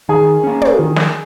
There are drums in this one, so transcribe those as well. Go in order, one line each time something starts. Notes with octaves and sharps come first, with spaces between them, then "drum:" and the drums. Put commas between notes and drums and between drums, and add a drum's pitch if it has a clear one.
D#3 G#4 G#5
A#3 C#4
drum: tom
D#3
drum: snare